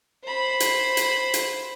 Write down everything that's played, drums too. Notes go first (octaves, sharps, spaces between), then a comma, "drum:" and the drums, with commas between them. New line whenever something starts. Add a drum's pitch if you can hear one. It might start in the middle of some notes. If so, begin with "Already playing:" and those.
C5 B5
drum: hi-hat
drum: hi-hat
drum: hi-hat